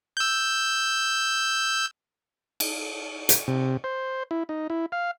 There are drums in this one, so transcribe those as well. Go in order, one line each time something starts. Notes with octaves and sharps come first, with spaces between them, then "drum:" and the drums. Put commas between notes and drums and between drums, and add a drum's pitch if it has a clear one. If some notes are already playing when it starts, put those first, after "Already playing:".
E6 G6
drum: cymbal
drum: hi-hat
C3
C5
E4
D#4
E4
F5